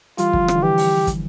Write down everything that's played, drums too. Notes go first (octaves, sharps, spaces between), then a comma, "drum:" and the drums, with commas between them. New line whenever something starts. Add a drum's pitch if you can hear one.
E3 G3 F4, drum: hi-hat
D3 F3, drum: kick
E3, drum: rim click
D3
E3 G4
drum: open hi-hat
drum: kick, hi-hat